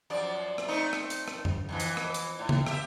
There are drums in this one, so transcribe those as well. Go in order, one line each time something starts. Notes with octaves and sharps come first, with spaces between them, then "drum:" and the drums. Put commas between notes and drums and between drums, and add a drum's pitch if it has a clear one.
F#2 F3 D5
drum: rim click
A3 C4 D#4
drum: rim click
drum: hi-hat
drum: rim click
drum: tom F#2
F2 C3 E3
drum: hi-hat
drum: rim click
drum: hi-hat
A2
drum: tom C#3
G4 E5, drum: rim click